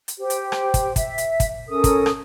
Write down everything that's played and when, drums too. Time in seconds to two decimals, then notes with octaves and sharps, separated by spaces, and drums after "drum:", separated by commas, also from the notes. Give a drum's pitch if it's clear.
0.08 drum: hi-hat
0.20 G4 C5 G5
0.30 drum: hi-hat
0.52 drum: rim click
0.74 drum: kick, hi-hat
0.96 E5, drum: kick, hi-hat
1.18 drum: hi-hat
1.40 drum: kick, hi-hat
1.69 C#4 A4 A#4 D#6
1.84 drum: kick, hi-hat
2.06 drum: rim click